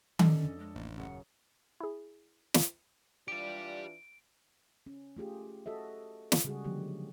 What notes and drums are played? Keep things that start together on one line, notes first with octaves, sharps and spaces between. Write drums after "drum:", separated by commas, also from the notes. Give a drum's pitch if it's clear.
A2 C#3 C#4 A4 D5 D#5, drum: tom D#3
F2 F3 D4
G#3
A1 A#3
D#1 F#2 C#3 C#5 F#5
E4 G#4
drum: snare
E3 D4 F4 G4 D5 D7
C#4
A3 F4 G4 G#4
F#4 A4 D#5 E5
drum: snare
C#3 G3 G#3 F#4 G#4
D3 F3 F#3 G#3 A#3 G4